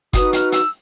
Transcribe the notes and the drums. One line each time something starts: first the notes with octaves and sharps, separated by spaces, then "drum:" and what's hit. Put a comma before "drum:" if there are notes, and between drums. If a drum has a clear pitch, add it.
D#4 F#4 B4 D#6, drum: kick F#1, hi-hat
F6, drum: hi-hat
E6, drum: hi-hat